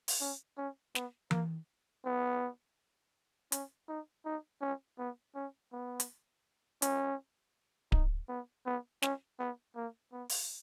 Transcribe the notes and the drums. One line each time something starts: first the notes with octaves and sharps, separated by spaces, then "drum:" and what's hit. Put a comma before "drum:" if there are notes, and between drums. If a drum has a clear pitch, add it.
drum: open hi-hat
C#4
C#4
B3, drum: snare
A#3, drum: tom E3
B3
C#4, drum: hi-hat
D#4
D#4
C#4
B3
C#4
B3
drum: hi-hat
C#4, drum: hi-hat
D#4, drum: kick D1
B3
B3
C#4, drum: snare
B3
A#3
B3
drum: open hi-hat